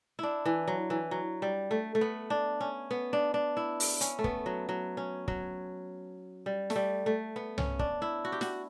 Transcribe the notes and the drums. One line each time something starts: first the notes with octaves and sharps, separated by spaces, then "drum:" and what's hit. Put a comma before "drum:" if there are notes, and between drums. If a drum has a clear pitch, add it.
D4 E4
E3
F#3
E3
F#3
G3
A3
A3
B3
D4
C#4
B3
D4
D4
E4
drum: open hi-hat
C#4, drum: hi-hat
A3
B3, drum: kick
F#3
F#3
C#4
F#3, drum: kick
G3
A3, drum: snare
G3
A3
B3
C#4, drum: tom C2
D4, drum: kick
E4
F#4
G4
F#4, drum: snare